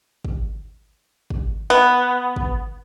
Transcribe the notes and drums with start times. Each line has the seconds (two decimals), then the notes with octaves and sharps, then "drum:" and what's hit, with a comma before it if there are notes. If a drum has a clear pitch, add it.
0.25 drum: kick
1.30 drum: kick
1.70 B3
2.36 drum: kick